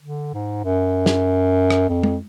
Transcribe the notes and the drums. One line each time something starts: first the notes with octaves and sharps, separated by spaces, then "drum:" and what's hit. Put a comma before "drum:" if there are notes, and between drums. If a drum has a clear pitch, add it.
D3
G#2
F#2
drum: snare
drum: rim click
F2
drum: tom G#3